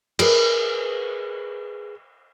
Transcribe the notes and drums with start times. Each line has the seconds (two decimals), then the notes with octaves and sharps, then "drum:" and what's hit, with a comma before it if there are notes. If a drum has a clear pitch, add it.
0.19 G#4 A#4 B4, drum: cymbal